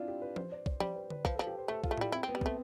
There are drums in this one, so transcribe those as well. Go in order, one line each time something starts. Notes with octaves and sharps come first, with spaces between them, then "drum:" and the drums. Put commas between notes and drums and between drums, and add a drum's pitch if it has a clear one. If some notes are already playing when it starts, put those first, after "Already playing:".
Already playing: C4 D4 E4 F4
G4
B4
C5, drum: tom F3
D5
D5, drum: kick
G3 C5, drum: tom F3
B4
B4, drum: tom D3
F3 B4, drum: kick
A4
F3
G4
C5
A3 A4
F4, drum: kick
A3
G3 E4, drum: tom A2
C4 E4
B3 C4
G3
A3 C4, drum: kick